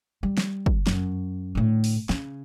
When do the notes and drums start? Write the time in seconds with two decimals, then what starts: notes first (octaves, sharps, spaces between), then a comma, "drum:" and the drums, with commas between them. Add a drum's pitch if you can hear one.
0.23 G3
0.38 drum: snare
0.66 drum: kick
0.87 F#2, drum: snare
1.55 A2 D3
1.84 drum: open hi-hat
2.09 C#3, drum: snare